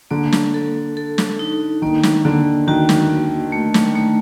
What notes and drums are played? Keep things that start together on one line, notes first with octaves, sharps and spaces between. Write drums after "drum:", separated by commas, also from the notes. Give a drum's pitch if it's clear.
D3 A#3
drum: snare
A4
A4
drum: snare
D#4
D#3 A#3
drum: snare
D3 A#3
D#3 F#4
drum: snare
A#3
A3
drum: snare
A3